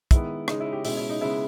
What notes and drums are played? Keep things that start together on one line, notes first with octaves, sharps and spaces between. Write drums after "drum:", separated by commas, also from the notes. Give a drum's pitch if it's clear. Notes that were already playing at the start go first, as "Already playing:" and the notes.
D#3 G#3 B3 E4, drum: kick, hi-hat
C#3 G#3 C#4 D#4, drum: rim click
E4
G4
B2 G#3 C#4 E4, drum: open hi-hat
E4
D#4
C#3 G#3 B3 E4